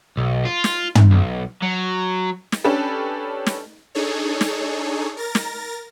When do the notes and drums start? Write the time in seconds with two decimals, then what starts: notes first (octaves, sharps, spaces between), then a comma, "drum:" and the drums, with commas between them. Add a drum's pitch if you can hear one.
0.17 B1
0.45 F4
0.64 drum: snare
0.95 drum: tom
1.11 B1
1.62 F#3
2.52 drum: snare
2.64 C#4 D4 G4 A4 B4
3.46 drum: snare
3.95 D4 D#4 G#4 A4 C#5
4.41 drum: snare
5.17 A#4 A6 A#6
5.35 drum: snare